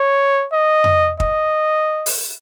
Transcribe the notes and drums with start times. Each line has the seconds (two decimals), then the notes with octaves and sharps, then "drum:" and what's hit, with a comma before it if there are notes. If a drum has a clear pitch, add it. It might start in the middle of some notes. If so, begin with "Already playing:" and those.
Already playing: C#5
0.53 D#5
0.84 drum: tom F2
1.20 D#5, drum: kick
2.06 drum: open hi-hat